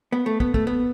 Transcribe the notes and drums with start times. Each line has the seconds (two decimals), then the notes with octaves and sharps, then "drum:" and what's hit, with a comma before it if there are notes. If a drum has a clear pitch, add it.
0.12 B3
0.26 A3
0.40 B3, drum: kick
0.54 A3, drum: kick
0.67 B3